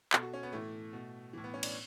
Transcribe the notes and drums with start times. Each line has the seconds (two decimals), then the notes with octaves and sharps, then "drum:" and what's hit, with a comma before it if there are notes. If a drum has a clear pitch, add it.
0.13 B2 A4, drum: clap
0.23 F#4
0.33 C#4
0.43 B3
0.52 A2 E3 A3
0.93 B2
1.33 A2 E3
1.44 B3
1.54 C#4
1.63 D4, drum: cymbal